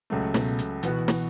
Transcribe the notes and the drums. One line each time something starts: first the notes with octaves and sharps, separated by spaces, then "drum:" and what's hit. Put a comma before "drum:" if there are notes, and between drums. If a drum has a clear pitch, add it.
C#2 C#3 F#3 A3
B2, drum: snare
drum: hi-hat
B2 E3 B3 F#4, drum: hi-hat
drum: snare